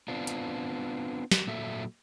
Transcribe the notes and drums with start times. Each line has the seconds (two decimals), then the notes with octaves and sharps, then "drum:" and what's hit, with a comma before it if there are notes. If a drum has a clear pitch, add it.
0.08 B3 C4 D4 F4
0.27 drum: hi-hat
1.32 drum: snare
1.47 A#2 F#3 A4 E5